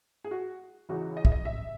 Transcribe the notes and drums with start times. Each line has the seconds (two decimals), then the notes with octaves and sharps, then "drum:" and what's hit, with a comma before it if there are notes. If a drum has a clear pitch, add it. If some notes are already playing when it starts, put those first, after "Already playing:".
0.24 G#4
0.31 F#4
0.89 C#2 C#3 E3 F#4
1.17 D#5
1.25 E5, drum: kick
1.32 D#5
1.45 E5